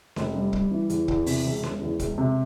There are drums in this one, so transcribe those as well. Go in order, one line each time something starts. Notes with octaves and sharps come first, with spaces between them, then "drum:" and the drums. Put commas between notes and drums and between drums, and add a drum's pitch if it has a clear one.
F1, drum: snare C#4
G3
G3, drum: kick
E3
E2, drum: hi-hat
E2, drum: kick
C3, drum: open hi-hat
E1
E1, drum: snare C#4
E2
E1, drum: kick, hi-hat
C3